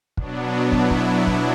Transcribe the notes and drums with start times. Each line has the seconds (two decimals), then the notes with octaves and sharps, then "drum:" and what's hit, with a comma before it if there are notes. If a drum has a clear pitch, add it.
0.17 B2 F#3 B3 D4, drum: kick
0.72 E4, drum: kick
0.91 drum: kick
1.27 drum: kick